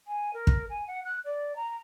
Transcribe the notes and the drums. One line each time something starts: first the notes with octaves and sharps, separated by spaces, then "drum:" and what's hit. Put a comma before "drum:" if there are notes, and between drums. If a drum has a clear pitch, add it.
G#5
A#4
drum: kick
G#5
F#5
F#6
D5
A#5